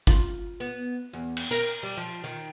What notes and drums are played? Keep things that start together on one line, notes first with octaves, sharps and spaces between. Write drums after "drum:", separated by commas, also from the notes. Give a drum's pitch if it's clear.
F4, drum: kick G1
B3
E2
drum: cymbal
A#4
G3
F3
D#3